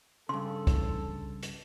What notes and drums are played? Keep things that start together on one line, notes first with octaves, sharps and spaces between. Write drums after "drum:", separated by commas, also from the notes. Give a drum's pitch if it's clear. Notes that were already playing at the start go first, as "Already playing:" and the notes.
G2 C#3 A4 C6
drum: kick, hi-hat
drum: hi-hat